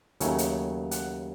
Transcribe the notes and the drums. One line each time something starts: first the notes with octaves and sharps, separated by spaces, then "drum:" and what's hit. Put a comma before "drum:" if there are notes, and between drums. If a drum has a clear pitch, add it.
D#2 C#3 F#3 A3 G#5, drum: hi-hat
drum: hi-hat
F#5, drum: hi-hat